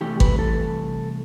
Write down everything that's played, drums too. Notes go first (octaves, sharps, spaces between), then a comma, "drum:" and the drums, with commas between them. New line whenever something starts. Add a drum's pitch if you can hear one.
C2 C3 E3 A3 G4
B4, drum: kick G#1
A4